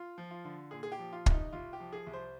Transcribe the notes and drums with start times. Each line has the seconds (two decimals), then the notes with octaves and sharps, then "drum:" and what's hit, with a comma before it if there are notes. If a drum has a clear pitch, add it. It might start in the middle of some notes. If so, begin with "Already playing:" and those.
Already playing: F4
0.18 F3
0.31 F4
0.45 D3
0.71 A#2 G#4
0.83 G#4
0.92 G4
0.99 F3
1.13 F4
1.26 C2, drum: kick
1.32 D#4
1.53 C2 F4
1.73 G4
1.80 F3
1.93 G#4
2.07 C2
2.13 C5